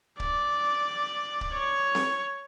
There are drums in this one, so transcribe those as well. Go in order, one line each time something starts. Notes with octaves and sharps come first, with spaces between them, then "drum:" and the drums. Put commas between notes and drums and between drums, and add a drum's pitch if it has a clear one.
D5, drum: kick C#1
drum: kick C#1
C#5
drum: snare C4